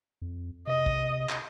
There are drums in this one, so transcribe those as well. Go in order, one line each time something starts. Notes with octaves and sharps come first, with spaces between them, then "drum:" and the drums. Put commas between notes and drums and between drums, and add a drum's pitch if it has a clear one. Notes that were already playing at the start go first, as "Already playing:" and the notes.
F2
C3 D#5
drum: kick
drum: clap